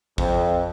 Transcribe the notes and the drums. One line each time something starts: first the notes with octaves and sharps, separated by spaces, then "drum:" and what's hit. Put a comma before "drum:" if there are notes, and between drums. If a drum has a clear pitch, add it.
F2, drum: kick